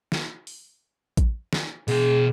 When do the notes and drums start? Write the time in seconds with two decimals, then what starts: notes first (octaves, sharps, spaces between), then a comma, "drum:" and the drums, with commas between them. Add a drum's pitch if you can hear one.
0.12 drum: snare
0.47 drum: open hi-hat
1.17 drum: kick A1, hi-hat
1.53 drum: snare
1.88 B2 G#4 G5, drum: open hi-hat